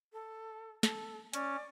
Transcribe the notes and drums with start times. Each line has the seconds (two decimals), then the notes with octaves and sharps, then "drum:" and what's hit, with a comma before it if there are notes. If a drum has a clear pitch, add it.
0.13 A4
0.83 A4, drum: snare
1.33 C#4 D5, drum: hi-hat